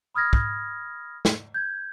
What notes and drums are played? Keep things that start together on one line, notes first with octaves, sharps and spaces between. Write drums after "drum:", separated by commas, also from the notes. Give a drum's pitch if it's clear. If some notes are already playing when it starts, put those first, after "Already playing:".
B5 D#6 F6 G#6 A#6
drum: kick
drum: snare
G6 G#6